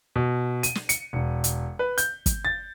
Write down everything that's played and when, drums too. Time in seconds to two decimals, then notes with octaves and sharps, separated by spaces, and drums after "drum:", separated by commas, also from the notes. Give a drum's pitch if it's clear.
0.16 B2
0.63 D#7, drum: hi-hat
0.75 drum: snare
0.89 C#7, drum: hi-hat
1.13 E1
1.44 drum: hi-hat
1.79 B4
1.98 G6, drum: hi-hat
2.26 drum: kick, hi-hat
2.45 A6